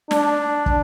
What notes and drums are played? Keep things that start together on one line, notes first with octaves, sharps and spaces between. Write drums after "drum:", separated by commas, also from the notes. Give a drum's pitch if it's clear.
D4, drum: snare
drum: kick